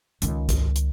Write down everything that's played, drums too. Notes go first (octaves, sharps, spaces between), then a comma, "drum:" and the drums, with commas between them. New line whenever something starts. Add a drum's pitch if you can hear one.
C#2 D#3, drum: hi-hat
drum: kick, hi-hat
drum: hi-hat